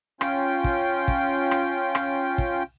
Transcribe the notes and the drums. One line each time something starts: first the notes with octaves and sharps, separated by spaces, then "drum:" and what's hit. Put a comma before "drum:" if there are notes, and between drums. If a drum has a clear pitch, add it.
C#4 F4 G5, drum: rim click
drum: kick
drum: kick
drum: rim click
drum: rim click
drum: kick